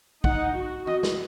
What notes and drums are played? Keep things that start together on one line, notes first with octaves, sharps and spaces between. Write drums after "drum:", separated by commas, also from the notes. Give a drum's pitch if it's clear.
D#4 F#5, drum: kick
F#4
D#5, drum: tom E3
drum: snare